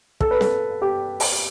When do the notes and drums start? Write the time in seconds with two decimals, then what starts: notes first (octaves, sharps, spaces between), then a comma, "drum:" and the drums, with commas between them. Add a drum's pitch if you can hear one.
0.20 A4, drum: kick
0.31 B4
0.41 A4, drum: snare
0.82 G4
1.20 drum: open hi-hat